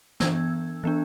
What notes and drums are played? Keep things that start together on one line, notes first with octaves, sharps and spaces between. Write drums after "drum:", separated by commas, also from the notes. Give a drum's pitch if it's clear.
E3 B3 D4 E6 G#6, drum: snare
E3 B3 D4